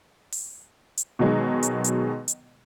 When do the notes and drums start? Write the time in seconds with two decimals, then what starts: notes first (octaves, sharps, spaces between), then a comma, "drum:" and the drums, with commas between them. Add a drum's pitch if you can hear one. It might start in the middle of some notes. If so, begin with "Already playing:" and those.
0.32 drum: open hi-hat
0.97 drum: hi-hat
1.19 B2 D#3 F#3 G#3
1.63 drum: hi-hat
1.84 drum: hi-hat
2.28 drum: hi-hat